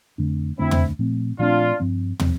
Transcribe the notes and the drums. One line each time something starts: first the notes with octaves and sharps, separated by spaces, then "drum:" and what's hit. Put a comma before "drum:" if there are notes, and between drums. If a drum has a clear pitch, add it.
F2 D3 A3 D4
F2 D3 A3 C4 D4 E4
drum: tom
A#2 F3 A3 C4
A#2 F3 A3 C4 D4 F4
G2 F3 C4
F3 C4, drum: tom